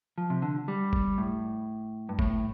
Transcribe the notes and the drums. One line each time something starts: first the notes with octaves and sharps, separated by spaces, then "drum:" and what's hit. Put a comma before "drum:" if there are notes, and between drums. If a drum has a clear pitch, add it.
F3
C3
D3
G3
drum: kick G1
A2
G2
A2, drum: kick G1